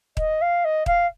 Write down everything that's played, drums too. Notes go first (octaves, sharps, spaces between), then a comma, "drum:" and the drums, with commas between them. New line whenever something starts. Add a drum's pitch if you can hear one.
D#5, drum: kick D#1
F5
D#5
F5, drum: kick D#1